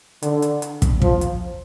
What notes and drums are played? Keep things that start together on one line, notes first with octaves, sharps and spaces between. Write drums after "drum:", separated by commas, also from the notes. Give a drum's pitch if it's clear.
D3, drum: hi-hat
drum: hi-hat
drum: hi-hat
drum: kick, hi-hat
F3, drum: kick
drum: hi-hat